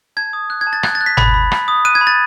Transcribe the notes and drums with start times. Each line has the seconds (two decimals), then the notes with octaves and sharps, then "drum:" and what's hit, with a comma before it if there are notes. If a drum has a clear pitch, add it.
0.17 A5 G#6
0.33 D#6
0.50 F#6
0.61 G#6
0.67 A5
0.73 A6
0.83 F#6 G#6, drum: rim click
0.95 A6
1.01 F#6
1.06 B6
1.17 B5, drum: tom G1
1.34 B5
1.52 B5, drum: rim click
1.68 D#6
1.85 F#6 D#7
1.95 G#6
2.01 B5
2.07 A6